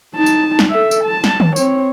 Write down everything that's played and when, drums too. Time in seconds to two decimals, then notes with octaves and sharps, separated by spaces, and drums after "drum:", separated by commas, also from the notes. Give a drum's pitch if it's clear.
0.15 D#4 A5
0.26 drum: tambourine
0.59 drum: snare
0.70 A4 E5
0.91 drum: tambourine
1.04 A5
1.24 drum: snare
1.40 drum: tom D#3
1.56 C4 C#5, drum: tambourine